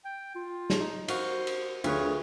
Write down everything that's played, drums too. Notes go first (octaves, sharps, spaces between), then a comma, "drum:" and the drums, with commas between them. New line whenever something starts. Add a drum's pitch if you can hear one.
G5
F4
drum: snare
D#4
F#4 C5 F5, drum: cymbal
drum: cymbal
D2 F4 G#4 B4 C#5, drum: cymbal